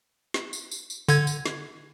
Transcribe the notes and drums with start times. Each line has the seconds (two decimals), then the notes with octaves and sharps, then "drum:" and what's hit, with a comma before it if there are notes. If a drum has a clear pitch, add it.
0.34 drum: snare
0.53 drum: tambourine
0.71 drum: tambourine
0.90 drum: tambourine
1.08 D3 G#6, drum: tambourine
1.27 drum: tambourine
1.46 drum: snare